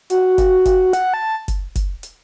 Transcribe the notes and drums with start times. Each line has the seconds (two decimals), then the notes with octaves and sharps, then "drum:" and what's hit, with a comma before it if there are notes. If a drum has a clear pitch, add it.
0.10 F#4, drum: hi-hat
0.38 drum: kick F#1, hi-hat
0.65 drum: kick F#1, hi-hat
0.93 F#5, drum: hi-hat
1.14 A5
1.48 drum: kick F#1, hi-hat
1.75 drum: kick F#1, hi-hat
2.03 drum: hi-hat